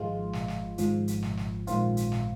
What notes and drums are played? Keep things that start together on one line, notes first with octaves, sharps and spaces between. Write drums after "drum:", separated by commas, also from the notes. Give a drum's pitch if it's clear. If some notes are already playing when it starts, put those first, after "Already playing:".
Already playing: G#1 G#2 F3 G#3 F4
drum: snare
drum: snare
G#1 G#2 F3, drum: hi-hat
drum: hi-hat
drum: snare
drum: snare
A#1 G#2 D#3 C4 F4, drum: hi-hat
drum: hi-hat
drum: snare